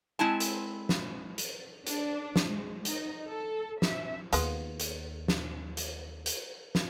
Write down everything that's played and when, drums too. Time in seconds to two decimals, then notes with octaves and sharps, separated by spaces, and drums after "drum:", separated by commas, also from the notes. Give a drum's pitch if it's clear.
0.19 G#3 C4 E4 G#5 A5
0.40 drum: hi-hat
0.89 drum: snare
1.38 drum: hi-hat
1.87 D4, drum: hi-hat
2.36 drum: snare
2.45 G#3
2.85 D#4, drum: hi-hat
3.27 A4
3.82 E5, drum: snare
4.33 D#2 G#3 B3 F4, drum: hi-hat
4.80 drum: hi-hat
5.28 drum: snare
5.77 drum: hi-hat
6.26 drum: hi-hat
6.75 drum: snare